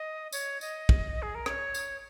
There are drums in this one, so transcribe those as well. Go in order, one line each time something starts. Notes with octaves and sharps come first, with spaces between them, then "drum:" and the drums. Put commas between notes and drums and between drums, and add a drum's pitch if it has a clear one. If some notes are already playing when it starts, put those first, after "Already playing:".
Already playing: D#5
C#5, drum: tambourine
D#5, drum: tambourine
drum: kick
G#4
A#4
C#5, drum: rim click
drum: tambourine